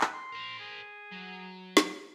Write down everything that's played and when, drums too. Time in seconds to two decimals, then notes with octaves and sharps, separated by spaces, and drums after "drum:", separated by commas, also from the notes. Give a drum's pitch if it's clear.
0.01 B4, drum: clap
0.14 C6
0.32 A#4 C5
0.60 G#4
1.11 F#3
1.77 drum: snare